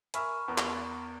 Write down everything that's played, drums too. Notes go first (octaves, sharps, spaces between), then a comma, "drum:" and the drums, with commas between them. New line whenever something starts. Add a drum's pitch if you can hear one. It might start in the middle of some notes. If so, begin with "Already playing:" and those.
A#4 E5 G#5 B5 C#6 F6, drum: hi-hat
E2 B3 A#4
drum: clap